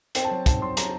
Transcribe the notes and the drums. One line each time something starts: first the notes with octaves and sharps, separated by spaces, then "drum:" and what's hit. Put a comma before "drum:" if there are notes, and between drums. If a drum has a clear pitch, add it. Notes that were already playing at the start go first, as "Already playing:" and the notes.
C4 G5, drum: hi-hat
A5
F#3 G5
D#4 A5, drum: kick, hi-hat
F#3 C6
F#3 A#5, drum: hi-hat